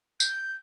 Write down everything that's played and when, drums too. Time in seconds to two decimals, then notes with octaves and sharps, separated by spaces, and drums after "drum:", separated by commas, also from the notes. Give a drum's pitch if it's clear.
0.20 G6, drum: tambourine